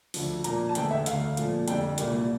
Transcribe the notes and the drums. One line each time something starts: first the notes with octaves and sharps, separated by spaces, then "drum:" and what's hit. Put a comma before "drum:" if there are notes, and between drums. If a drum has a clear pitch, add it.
D2 D3 F3, drum: open hi-hat
A#2 F3 A#3 A#5, drum: hi-hat
A5
E2 D3 A3 G5, drum: hi-hat
E5
D2 D3 A3 F5, drum: hi-hat
A#2 F3 A3, drum: hi-hat
F2 D3 G3 G5, drum: hi-hat
C2 A#2 G3 A#3, drum: hi-hat